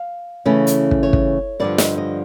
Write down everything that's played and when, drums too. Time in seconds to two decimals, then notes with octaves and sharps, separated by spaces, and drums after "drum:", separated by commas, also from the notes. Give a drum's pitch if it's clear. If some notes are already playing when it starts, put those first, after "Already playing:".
Already playing: F5
0.46 C#3 E3 A3 C#4
0.67 drum: hi-hat
0.91 drum: kick
1.03 C#5
1.13 drum: kick
1.60 G2 D3 F3 D5
1.78 D#5, drum: snare
1.98 D#5